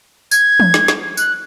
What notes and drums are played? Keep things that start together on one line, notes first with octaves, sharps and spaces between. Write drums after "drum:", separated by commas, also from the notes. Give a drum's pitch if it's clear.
G#6, drum: tambourine
drum: tom E3
drum: snare
drum: snare
F#6, drum: tambourine